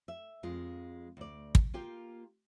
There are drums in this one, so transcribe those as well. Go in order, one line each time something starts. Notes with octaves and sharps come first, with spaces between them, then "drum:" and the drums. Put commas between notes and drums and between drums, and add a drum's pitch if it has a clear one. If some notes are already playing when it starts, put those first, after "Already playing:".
E5
F2 G#3 F4
D2 D5
drum: kick
A#3 F4 G4 G5